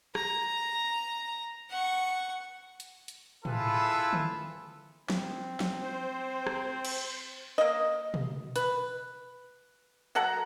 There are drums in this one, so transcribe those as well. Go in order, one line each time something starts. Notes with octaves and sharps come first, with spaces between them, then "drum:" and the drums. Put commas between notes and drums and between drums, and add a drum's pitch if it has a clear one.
A#5, drum: rim click
F#5 C#6
drum: hi-hat
drum: hi-hat
E4 F4 G#4 A4 B4, drum: tom A2
drum: tom D3
C4, drum: snare
drum: snare
C5
drum: rim click
drum: cymbal
A#3 D#5
drum: tom B2
B4, drum: hi-hat
F#3 A4 F#5 A#5